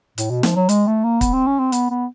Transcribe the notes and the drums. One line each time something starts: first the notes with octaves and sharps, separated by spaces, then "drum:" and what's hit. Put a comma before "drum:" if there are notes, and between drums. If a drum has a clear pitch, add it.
A2, drum: hi-hat
B2
F3, drum: snare
F#3
G#3, drum: hi-hat
A3
A#3
B3, drum: kick, hi-hat
C4
C#4
C4
B3, drum: hi-hat
B3